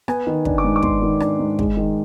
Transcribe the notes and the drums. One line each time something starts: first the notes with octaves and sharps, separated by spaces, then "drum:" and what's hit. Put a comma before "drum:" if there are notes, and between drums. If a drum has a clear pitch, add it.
B3 G#5, drum: rim click
D#3
D4, drum: kick
D6
G#2
D6
B3 C6, drum: kick
D#3
D4, drum: rim click
G#2
G#3, drum: kick
D#3